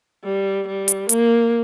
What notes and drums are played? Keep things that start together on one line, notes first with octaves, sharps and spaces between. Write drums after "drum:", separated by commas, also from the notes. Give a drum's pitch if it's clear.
G3
G3
drum: hi-hat
A#3, drum: hi-hat